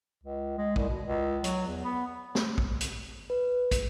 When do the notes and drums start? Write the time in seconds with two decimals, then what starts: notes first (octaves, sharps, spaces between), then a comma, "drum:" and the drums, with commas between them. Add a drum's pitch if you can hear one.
0.23 C#2
0.58 G#3
0.76 C2, drum: kick
0.89 B2
1.04 C#2
1.44 F#3, drum: hi-hat
1.67 E2
1.84 B3
2.35 drum: snare
2.58 drum: kick
2.81 drum: hi-hat
3.30 B4
3.71 drum: kick, hi-hat